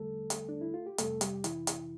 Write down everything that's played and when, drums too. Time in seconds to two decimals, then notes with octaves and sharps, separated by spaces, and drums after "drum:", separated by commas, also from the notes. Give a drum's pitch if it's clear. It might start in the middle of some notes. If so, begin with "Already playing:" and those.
Already playing: E2 D3 G3 A3 A4
0.30 drum: hi-hat
0.49 D4
0.61 E4
0.74 F4
0.86 G4
0.98 F2 C3 G3 A3 A4, drum: hi-hat
1.21 G3 G4, drum: hi-hat
1.44 E3 E4, drum: hi-hat
1.67 drum: hi-hat